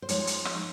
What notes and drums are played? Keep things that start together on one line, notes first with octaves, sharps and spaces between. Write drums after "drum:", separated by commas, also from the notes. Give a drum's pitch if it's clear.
C5
F3 G#3 D#4 C#5, drum: hi-hat
drum: hi-hat
drum: rim click